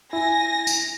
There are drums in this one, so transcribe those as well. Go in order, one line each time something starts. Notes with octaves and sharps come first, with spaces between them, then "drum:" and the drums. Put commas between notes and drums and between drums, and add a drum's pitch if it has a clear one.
E4 G#5 A#6
drum: tambourine